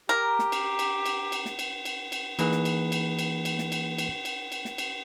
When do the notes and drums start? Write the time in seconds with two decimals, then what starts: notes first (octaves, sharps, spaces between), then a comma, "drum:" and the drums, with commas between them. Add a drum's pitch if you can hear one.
0.09 G4 A#4 A#5
0.39 drum: snare
0.52 drum: cymbal
0.79 drum: cymbal
1.06 drum: cymbal
1.32 drum: cymbal
1.45 drum: snare
1.59 drum: cymbal
1.85 drum: cymbal
2.12 drum: cymbal
2.39 E3 A#3 D#4 G#4 B4, drum: cymbal
2.52 drum: snare
2.65 drum: cymbal
2.92 drum: cymbal
3.19 drum: cymbal
3.45 drum: cymbal
3.59 drum: snare
3.72 drum: cymbal
3.98 drum: cymbal
4.25 drum: cymbal
4.52 drum: cymbal
4.65 drum: snare
4.78 drum: cymbal